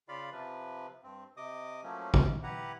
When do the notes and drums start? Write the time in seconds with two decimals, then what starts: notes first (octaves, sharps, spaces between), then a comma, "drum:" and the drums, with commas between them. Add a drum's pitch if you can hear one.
0.08 C#3 F4 D5 F5 B5
0.32 C3 F3 B4
1.03 G2 C4
1.37 C3 D#5 D6 D#6
1.83 F3 F#3 A3 A#3 C#4
2.14 drum: kick
2.43 E4 G4 B4 F#5 A#5